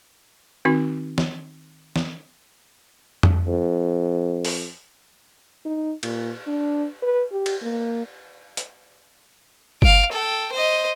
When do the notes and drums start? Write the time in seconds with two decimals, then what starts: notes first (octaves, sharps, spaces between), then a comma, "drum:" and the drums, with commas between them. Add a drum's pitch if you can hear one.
0.65 D#3 C4 D#4 F#4
1.18 drum: snare
1.96 drum: snare
3.23 drum: tom F2
3.47 F2
4.45 drum: open hi-hat
5.65 D#4
6.03 A#2, drum: cymbal
6.47 D4
7.02 B4
7.31 G4
7.46 drum: cymbal
7.62 A#3
8.57 drum: hi-hat
9.82 F5 D7, drum: kick G1
10.12 A4 G5
10.52 C5 D#5